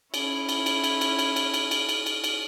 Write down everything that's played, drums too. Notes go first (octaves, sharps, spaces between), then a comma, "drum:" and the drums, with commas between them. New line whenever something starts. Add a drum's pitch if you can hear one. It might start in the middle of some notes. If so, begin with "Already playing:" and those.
C#4 E4, drum: cymbal
drum: cymbal
drum: cymbal
drum: cymbal
drum: cymbal
drum: cymbal
drum: cymbal
drum: cymbal
drum: cymbal
drum: cymbal
drum: cymbal
drum: cymbal